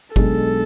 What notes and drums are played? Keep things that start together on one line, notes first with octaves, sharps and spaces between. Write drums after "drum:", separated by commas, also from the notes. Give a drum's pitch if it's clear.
B1 B2 G#3 D4 G#4 A4, drum: kick G1